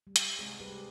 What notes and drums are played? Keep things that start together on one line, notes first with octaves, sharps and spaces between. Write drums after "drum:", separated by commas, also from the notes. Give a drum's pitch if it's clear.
G3
drum: hi-hat
G#2 C3 G#3 G#4
G3 G4 B4